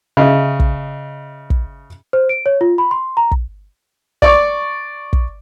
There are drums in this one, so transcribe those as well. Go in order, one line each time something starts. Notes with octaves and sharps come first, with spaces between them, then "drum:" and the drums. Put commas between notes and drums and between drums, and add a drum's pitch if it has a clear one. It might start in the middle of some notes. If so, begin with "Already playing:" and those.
C#3 D#5 E5
drum: kick
drum: kick
C5
D7
C#5
F4
B5
C6
A#5
drum: kick
D5 C#6 D6, drum: kick
drum: kick